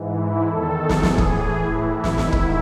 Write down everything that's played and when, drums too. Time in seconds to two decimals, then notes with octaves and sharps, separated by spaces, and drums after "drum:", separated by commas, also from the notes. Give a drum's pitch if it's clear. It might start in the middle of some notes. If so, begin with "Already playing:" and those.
Already playing: G#2 E3
0.18 E4
0.46 E2 D#3 A4
0.89 drum: snare
1.03 A2 E3 G#4, drum: snare
1.18 drum: kick
1.61 A2 E3 E4
1.90 E4
2.04 drum: snare
2.18 G#2 D#3 E4, drum: snare
2.32 drum: kick